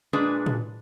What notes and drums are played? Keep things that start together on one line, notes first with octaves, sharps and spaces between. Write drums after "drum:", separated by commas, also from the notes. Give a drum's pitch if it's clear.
A#2 G#3 D4 G#4 B4 D5
drum: tom A2